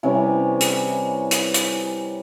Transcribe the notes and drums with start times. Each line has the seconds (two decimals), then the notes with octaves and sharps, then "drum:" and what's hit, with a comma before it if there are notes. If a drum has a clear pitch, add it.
0.03 C3 E3 G3 C#4
0.61 drum: hi-hat
1.31 drum: hi-hat
1.54 drum: hi-hat